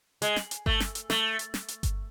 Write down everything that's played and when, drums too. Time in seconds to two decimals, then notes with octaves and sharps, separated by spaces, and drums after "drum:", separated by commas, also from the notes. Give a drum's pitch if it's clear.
0.22 G#3, drum: hi-hat
0.36 drum: snare
0.51 drum: hi-hat
0.66 A3, drum: kick G1
0.80 drum: snare
0.95 drum: hi-hat
1.10 A3, drum: snare
1.39 drum: hi-hat
1.54 drum: snare
1.68 drum: hi-hat
1.83 drum: kick G1, hi-hat